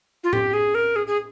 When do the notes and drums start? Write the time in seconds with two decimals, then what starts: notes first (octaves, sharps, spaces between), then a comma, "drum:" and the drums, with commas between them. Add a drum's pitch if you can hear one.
0.24 F4
0.33 G4, drum: tom A2
0.53 G#4
0.75 A#4
0.96 G#4
1.07 G#4